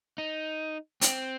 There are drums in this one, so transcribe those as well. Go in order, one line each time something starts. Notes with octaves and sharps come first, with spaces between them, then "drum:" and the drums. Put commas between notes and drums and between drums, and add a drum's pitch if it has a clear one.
D#4
C4, drum: hi-hat